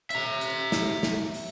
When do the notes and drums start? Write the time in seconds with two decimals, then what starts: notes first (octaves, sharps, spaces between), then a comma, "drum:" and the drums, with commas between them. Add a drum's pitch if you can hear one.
0.10 E5 A#5, drum: hi-hat
0.41 drum: hi-hat
0.72 drum: snare
1.03 drum: snare
1.34 drum: open hi-hat